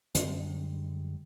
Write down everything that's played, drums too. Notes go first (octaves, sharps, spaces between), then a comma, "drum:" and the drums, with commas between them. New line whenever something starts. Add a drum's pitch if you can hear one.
F#2 D3 G3 G#3, drum: hi-hat